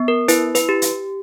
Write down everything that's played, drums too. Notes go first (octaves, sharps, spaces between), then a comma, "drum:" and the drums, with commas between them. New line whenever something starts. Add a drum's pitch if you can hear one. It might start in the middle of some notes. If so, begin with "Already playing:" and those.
Already playing: B3
A#4
E4 B4, drum: hi-hat
B4, drum: hi-hat
G4
drum: hi-hat